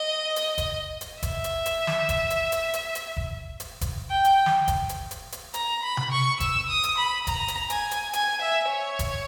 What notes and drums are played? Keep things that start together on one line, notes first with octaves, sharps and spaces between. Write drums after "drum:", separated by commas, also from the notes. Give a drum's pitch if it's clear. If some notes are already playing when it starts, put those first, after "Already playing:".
Already playing: D#5
drum: hi-hat
drum: kick F1, hi-hat
drum: hi-hat
E5, drum: kick F1, hi-hat
drum: hi-hat
drum: hi-hat
drum: snare
drum: kick F1, hi-hat
drum: hi-hat
drum: hi-hat
drum: hi-hat
drum: hi-hat
drum: kick F1
drum: hi-hat
drum: kick F1, hi-hat
G5
drum: hi-hat
drum: snare
drum: kick F1, hi-hat
drum: hi-hat
drum: hi-hat
drum: hi-hat
A#5, drum: hi-hat
B5
drum: tom C3
C#6
E6, drum: kick F1, hi-hat
D#6
drum: hi-hat
B5
A#5, drum: kick F1, hi-hat
drum: hi-hat
G#5, drum: hi-hat
drum: hi-hat
G#5, drum: hi-hat
E5
C#5
drum: kick F1, hi-hat